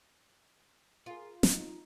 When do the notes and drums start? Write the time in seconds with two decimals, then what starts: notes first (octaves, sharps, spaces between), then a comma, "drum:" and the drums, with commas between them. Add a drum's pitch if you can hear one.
1.06 F4 G#4 A#4
1.43 D#4, drum: snare